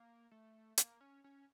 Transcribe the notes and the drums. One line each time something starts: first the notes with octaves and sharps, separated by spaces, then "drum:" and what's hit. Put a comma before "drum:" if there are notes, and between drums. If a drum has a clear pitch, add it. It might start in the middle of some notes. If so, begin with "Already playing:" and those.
Already playing: A#3
A3
A#3, drum: hi-hat
C#4
C#4